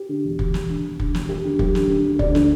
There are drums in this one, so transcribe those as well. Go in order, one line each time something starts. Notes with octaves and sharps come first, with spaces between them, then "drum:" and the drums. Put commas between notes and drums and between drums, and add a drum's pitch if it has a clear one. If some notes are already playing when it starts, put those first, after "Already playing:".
Already playing: G4
D3
E1
E1, drum: kick
E1, drum: snare
D3
E1
D3, drum: kick
E1, drum: snare
E1 G4
D3
F#3 G4, drum: kick
D3, drum: snare
D3
D2
D2 D5, drum: kick
D3, drum: snare